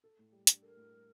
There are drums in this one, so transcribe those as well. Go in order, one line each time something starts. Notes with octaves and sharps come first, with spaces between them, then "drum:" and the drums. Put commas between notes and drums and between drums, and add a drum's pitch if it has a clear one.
A4
A2
G3
D4, drum: hi-hat
A4 A#4
A2
G3